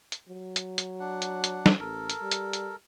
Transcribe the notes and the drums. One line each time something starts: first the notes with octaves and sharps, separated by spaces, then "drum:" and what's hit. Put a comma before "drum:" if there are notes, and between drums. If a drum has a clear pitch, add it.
drum: hi-hat
F#3
drum: hi-hat
drum: hi-hat
D4 F#5
drum: hi-hat
drum: hi-hat
drum: snare
A1 A4 A#4
drum: hi-hat
G3
drum: hi-hat
drum: hi-hat